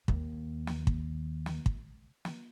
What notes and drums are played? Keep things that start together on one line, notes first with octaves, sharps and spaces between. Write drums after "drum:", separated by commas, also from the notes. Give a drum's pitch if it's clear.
D#2 A#3, drum: kick
drum: snare
drum: kick
drum: snare
drum: kick
drum: snare